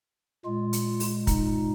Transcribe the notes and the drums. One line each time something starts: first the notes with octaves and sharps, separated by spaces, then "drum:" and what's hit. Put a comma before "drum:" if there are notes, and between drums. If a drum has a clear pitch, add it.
A#2 G#3 F4
drum: hi-hat
drum: open hi-hat
D#4, drum: kick, hi-hat